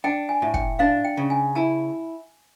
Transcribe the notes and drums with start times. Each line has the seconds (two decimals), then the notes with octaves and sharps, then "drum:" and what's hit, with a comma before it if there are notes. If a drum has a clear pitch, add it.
0.04 D4 G5
0.29 G#5
0.42 A2
0.54 G5, drum: kick
0.79 D4 F5
1.05 G5
1.17 C#3
1.30 G#5
1.55 E4 A5